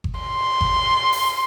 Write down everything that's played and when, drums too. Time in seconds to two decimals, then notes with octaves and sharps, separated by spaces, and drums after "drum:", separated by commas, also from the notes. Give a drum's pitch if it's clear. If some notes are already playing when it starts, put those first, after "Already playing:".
0.04 drum: kick G1
0.21 C6
0.61 drum: kick G1
1.13 drum: open hi-hat